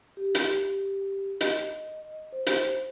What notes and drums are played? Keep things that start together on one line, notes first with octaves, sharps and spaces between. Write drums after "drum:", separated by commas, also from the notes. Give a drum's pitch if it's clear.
G4
drum: hi-hat
D#5, drum: hi-hat
C5
drum: hi-hat